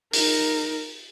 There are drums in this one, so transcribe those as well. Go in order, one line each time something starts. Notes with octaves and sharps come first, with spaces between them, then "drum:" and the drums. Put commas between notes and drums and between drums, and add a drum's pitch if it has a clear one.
D#4 A#4, drum: open hi-hat